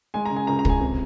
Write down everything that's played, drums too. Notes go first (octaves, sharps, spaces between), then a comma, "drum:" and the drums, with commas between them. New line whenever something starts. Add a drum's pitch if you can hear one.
G#3 G#5
C#3 A#5
G#5
C#2 A#5
A#5
C#2 G#5, drum: kick
C3